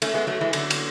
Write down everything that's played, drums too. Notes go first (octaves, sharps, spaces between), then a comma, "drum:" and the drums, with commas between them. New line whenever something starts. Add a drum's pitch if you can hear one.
A3 C#4, drum: cymbal
G#3 B3
F#3 A3
E3 G#3
D3 F#3, drum: cymbal
drum: cymbal